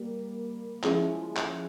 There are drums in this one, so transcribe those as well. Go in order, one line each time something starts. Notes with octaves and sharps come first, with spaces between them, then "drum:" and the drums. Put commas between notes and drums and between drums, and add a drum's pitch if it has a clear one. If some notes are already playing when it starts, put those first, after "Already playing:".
Already playing: G3 A#3
F3 G#3 C#4 E4, drum: clap
drum: clap